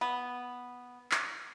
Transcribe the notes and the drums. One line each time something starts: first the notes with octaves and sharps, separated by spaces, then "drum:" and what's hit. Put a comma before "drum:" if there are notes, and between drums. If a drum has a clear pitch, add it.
B3
drum: clap